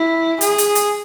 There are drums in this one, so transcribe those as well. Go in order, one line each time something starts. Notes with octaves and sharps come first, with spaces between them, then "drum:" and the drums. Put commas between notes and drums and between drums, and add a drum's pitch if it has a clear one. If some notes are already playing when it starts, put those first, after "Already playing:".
Already playing: E4
G#4, drum: hi-hat
drum: hi-hat
drum: hi-hat